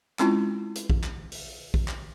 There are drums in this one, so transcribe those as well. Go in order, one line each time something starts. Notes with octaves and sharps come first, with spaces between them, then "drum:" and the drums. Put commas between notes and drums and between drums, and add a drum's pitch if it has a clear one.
G#3 C4 C#4 E4 F4, drum: clap
drum: hi-hat
drum: kick A#1
drum: clap
drum: open hi-hat
drum: kick A#1
drum: clap